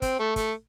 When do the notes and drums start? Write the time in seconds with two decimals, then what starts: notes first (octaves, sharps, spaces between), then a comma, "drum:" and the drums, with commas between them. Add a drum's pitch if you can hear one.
0.02 C4, drum: kick, hi-hat
0.19 A3
0.36 A3, drum: kick, hi-hat